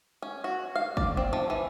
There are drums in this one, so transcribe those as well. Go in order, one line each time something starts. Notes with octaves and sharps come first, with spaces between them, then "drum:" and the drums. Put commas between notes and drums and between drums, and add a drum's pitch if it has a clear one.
C#4
F#4
F5
D5, drum: kick G1
C4
F3
E3